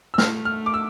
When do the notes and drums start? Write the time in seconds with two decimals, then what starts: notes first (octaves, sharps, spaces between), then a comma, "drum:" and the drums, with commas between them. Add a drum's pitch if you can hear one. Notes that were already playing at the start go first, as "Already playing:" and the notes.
0.14 E6
0.18 A3 F6, drum: snare
0.45 F6
0.66 D6
0.74 E6